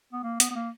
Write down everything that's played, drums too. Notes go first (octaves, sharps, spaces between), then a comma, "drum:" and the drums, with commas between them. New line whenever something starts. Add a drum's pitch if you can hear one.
B3
A#3
B3, drum: hi-hat
B3
A#3